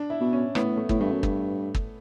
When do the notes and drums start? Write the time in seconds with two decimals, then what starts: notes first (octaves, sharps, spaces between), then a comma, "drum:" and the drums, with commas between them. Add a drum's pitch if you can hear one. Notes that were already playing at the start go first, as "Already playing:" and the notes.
Already playing: D4
0.10 E4
0.20 B2
0.33 C#4
0.55 A2 B3, drum: rim click
0.77 A3
0.89 A2, drum: kick
1.01 G2 A3
1.12 F#2
1.23 G2, drum: kick
1.75 drum: kick